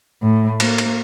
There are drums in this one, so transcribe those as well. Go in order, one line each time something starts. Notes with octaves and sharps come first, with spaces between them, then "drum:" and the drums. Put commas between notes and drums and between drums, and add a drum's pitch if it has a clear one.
A2
A#3, drum: cymbal
drum: cymbal